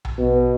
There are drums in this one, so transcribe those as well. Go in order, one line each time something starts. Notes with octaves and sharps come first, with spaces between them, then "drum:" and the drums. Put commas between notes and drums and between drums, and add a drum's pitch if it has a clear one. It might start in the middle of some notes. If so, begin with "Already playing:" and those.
drum: tom A#1
B2